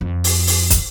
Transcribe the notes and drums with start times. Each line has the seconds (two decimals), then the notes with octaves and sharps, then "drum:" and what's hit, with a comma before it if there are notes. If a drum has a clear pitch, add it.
0.01 F2
0.24 drum: open hi-hat
0.47 drum: open hi-hat
0.70 drum: kick, hi-hat